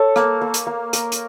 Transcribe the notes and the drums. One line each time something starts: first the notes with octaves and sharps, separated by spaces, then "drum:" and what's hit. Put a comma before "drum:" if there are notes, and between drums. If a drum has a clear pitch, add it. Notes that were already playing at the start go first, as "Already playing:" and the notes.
Already playing: A4 C#5
A#3, drum: rim click
A#3
drum: hi-hat
A#3
A#4, drum: hi-hat
drum: hi-hat